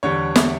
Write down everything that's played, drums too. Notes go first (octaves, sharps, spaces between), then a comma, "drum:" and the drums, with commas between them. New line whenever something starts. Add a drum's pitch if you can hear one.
E2 D3 G3 C#5
E5, drum: snare